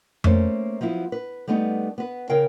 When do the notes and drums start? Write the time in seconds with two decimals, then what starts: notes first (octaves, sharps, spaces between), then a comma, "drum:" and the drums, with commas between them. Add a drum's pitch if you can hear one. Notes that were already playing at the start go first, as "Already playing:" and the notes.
0.24 A3 A#3 C#4 C5, drum: tom F2
0.81 F3 F#3 B3 E4
1.12 B4
1.48 G3 A3 B3 D#4 B4
1.98 B3 B4
2.30 C#3 A#4 F5 G5